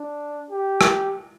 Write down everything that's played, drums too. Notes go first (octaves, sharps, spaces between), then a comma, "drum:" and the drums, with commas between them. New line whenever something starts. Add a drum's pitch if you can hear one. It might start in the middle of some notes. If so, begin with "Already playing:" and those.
Already playing: D4
G4
drum: rim click